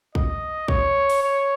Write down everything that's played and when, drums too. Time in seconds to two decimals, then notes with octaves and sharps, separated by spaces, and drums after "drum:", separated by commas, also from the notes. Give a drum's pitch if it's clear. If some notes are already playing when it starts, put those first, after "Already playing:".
0.15 D#5, drum: kick
0.68 C#5, drum: kick
1.10 drum: open hi-hat
1.23 C#5